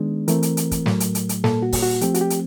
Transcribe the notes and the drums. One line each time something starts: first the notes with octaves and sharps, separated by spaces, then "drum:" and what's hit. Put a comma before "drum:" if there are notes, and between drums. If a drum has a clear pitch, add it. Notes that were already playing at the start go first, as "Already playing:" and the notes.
Already playing: D#3 G#3 B3 D4
E3 A3 C4 A#4, drum: hi-hat
drum: hi-hat
drum: hi-hat
drum: kick, hi-hat
A2 F#3 A3, drum: snare
drum: hi-hat
drum: hi-hat
drum: hi-hat
A#2 G3 A#3 A4, drum: snare
F#4
drum: kick, open hi-hat
F#4
F3 A3 C4 G4, drum: hi-hat
F#4, drum: hi-hat
G4
drum: hi-hat